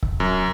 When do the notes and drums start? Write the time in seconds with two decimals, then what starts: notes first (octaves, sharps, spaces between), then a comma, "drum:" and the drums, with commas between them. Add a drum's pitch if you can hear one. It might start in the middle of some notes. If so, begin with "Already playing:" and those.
0.03 drum: kick C#1
0.20 F#2